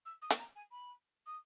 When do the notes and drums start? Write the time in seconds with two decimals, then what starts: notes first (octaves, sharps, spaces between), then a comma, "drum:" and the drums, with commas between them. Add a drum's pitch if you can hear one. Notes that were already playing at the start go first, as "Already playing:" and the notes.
0.06 E6
0.22 D#6
0.30 C#6, drum: hi-hat
0.39 A#5
0.56 G#5
0.71 B5
1.27 D#6